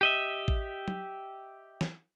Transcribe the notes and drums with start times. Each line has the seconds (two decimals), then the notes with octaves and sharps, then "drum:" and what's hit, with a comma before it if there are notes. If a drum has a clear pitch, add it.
0.01 G4 D#5 E5
0.48 drum: kick A1
0.88 drum: tom F#3
1.81 drum: snare